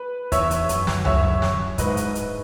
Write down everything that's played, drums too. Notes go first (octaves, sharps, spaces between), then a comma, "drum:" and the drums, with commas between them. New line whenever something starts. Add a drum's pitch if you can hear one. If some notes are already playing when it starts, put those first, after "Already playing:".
Already playing: B4
E2 C#5 E5, drum: kick, hi-hat
drum: hi-hat
F#2, drum: hi-hat
drum: snare
F#2 C#5 E5, drum: tom C#2
drum: kick
drum: snare
G#2 B4 D#5, drum: kick, hi-hat
drum: hi-hat
drum: hi-hat